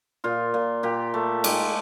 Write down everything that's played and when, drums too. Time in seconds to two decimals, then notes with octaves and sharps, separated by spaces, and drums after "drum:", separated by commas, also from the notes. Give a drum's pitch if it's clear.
0.24 A#2 F4
0.54 A#2
0.83 A#2 G4
1.14 A3
1.44 G#3 G4, drum: cymbal